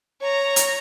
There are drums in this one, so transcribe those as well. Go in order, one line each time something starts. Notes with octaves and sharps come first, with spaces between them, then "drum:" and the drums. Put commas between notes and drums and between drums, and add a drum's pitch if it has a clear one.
C#5 A#5
drum: hi-hat